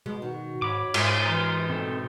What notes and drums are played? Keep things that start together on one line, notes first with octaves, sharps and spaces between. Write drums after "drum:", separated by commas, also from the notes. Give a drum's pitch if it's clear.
B2 G#3
D#3 F#4
G#2 C#5 B5 D6
G#2 F4, drum: cymbal
E3 A#5 C6
B2 C4 A4